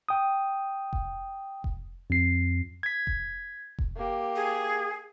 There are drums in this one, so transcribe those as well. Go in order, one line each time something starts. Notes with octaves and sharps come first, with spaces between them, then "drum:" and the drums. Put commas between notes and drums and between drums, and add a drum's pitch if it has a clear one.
G5 D#6
drum: kick F1
drum: kick F1
F2 C7
G#6 B6
drum: kick F1
drum: kick F1
A#3 G4
G#4